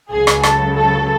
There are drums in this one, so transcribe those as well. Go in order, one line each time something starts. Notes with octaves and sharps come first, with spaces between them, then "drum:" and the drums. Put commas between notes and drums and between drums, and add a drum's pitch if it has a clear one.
C#2 C#3 F#3 G#4
drum: rim click
A4, drum: rim click
A4